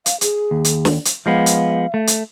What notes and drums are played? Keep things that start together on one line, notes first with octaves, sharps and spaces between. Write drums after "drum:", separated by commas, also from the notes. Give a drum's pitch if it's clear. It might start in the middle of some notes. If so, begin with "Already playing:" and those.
F5, drum: hi-hat
G#4, drum: hi-hat
D#2
drum: hi-hat
drum: snare
drum: hi-hat
F3 G#3 B3 F5
drum: hi-hat
A3
drum: hi-hat